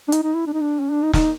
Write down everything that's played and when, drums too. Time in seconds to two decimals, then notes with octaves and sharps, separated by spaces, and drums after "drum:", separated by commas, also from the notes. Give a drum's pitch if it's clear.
0.08 D4
0.12 D#4, drum: hi-hat
0.23 D#4
0.34 E4
0.47 D4
0.53 D#4
0.61 D4
0.80 C#4
0.91 D4
1.03 D#4
1.13 D#4, drum: snare